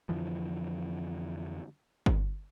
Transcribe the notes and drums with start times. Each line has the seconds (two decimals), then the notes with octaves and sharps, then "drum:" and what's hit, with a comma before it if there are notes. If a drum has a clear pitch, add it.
0.09 F2 D3 E3 F3
2.06 drum: kick G1